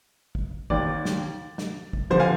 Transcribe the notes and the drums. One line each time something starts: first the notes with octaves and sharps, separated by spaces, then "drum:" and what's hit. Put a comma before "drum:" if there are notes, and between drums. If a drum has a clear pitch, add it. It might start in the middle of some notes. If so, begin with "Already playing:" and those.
drum: kick
D#2 D#3 D5, drum: kick
drum: snare
drum: snare
drum: kick
D3 F3 C5
F5 G#5